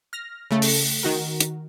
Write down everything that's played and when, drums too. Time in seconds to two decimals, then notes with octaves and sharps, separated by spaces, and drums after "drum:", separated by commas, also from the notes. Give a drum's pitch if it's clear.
0.13 F6 A#6
0.51 C#3 A3
0.62 drum: open hi-hat
1.03 D#3 F#4 A#4
1.40 drum: hi-hat